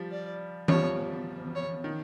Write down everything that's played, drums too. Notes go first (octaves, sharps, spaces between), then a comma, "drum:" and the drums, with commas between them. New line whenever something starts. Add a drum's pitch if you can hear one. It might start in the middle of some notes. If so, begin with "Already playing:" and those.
Already playing: F3 G3
D5
F3 G3 C#5, drum: tom E3
C#5
D#3